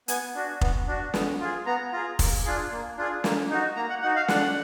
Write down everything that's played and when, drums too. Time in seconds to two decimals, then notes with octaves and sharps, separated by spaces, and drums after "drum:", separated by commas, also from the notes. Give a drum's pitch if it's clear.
0.08 B3 G#5, drum: hi-hat
0.35 D4 F#4
0.61 B3, drum: kick F1
0.87 D4 F#4
1.14 B3, drum: snare
1.40 F4 G#4
1.66 B3 A#5
1.92 F4 G#4 A#5
2.19 A#3, drum: kick F1, open hi-hat
2.45 D4 F4 G#4
2.71 A#3
2.98 D4 F4 G#4
3.24 A#3, drum: snare
3.50 D#4 F#4
3.76 A#3 A#5
3.89 F#5
4.02 D#4 F#4 F#5
4.16 F5
4.28 D4 F#5, drum: snare